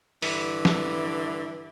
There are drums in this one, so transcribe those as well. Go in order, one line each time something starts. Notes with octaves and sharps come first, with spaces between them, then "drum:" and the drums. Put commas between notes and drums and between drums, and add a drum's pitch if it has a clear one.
G2 D3 E3, drum: open hi-hat
drum: snare F3